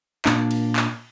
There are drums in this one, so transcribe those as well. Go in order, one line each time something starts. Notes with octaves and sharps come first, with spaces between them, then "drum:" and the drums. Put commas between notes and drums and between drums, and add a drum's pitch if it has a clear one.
A#2 A#3 D4, drum: clap
drum: cymbal
drum: clap